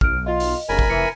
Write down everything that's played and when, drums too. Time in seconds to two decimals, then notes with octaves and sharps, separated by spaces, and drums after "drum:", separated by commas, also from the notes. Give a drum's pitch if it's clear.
0.01 B1 F6 D7, drum: kick A1
0.26 F4 D#5
0.40 drum: open hi-hat
0.69 F1 C#3 A#4 G#5 B5
0.79 drum: kick A1
0.90 E3 C#7 D#7